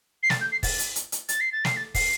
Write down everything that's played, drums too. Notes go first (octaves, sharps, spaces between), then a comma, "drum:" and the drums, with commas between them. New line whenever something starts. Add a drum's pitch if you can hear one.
C7
A6, drum: snare
G6
C7
A6, drum: kick, open hi-hat
drum: hi-hat
drum: hi-hat
drum: hi-hat
A6, drum: hi-hat
C7
A6
C7, drum: snare
A6
C7, drum: kick, open hi-hat